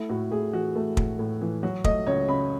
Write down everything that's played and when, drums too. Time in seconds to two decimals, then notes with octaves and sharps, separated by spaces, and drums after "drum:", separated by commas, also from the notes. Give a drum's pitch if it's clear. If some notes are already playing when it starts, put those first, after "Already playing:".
Already playing: A3 E4
0.09 A2 F#4
0.31 A2 G#4
0.53 E3 F#4
0.75 A3
0.97 A2, drum: kick
1.19 A2
1.41 E3
1.63 F#3 F#4
1.84 A3 D#5, drum: kick
2.07 C#2 C#5
2.29 C#3 B5